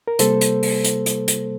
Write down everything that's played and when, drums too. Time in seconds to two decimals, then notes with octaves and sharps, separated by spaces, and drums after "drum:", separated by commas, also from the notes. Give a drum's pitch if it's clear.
0.08 A#4
0.19 C3 G3 A#3 A4 C5, drum: hi-hat
0.41 drum: hi-hat
0.63 drum: open hi-hat
0.84 drum: hi-hat
1.06 drum: hi-hat
1.28 drum: hi-hat